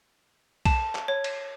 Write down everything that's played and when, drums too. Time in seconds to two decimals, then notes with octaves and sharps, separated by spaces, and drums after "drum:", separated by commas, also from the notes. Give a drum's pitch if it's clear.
0.65 A5, drum: kick B1, cymbal
0.95 drum: clap
1.08 C#5
1.24 drum: cymbal